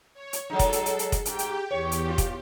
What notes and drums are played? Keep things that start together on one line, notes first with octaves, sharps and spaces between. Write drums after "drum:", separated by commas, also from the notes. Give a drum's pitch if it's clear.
C#5
drum: hi-hat
F#3 G#3 D#4 A4
drum: kick F1, hi-hat
drum: hi-hat
drum: hi-hat
drum: hi-hat
drum: kick F1, hi-hat
G#2 G4 G5, drum: hi-hat
drum: hi-hat
E2 G4 C#5
drum: hi-hat
F4
drum: kick F1, hi-hat